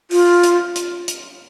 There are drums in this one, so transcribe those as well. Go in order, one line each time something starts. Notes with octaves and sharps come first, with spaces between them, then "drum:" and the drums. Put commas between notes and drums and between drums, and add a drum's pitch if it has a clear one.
F4, drum: open hi-hat
drum: hi-hat
drum: hi-hat
drum: hi-hat